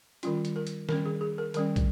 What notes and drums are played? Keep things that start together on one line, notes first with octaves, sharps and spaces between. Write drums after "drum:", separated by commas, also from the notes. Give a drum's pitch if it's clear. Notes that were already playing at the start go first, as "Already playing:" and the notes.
D#3 G3 C#4 F4, drum: hi-hat
drum: hi-hat
A#4
drum: hi-hat
D#3 G3 C#4 A#4, drum: snare
G#4
G#4
A#4
D#3 G3 C#4 A#4, drum: hi-hat
drum: kick, hi-hat